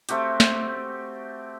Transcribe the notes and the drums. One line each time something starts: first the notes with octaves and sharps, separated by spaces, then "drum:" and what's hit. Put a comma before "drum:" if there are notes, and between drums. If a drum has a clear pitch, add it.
A3 C4 F#4 G4, drum: hi-hat
drum: snare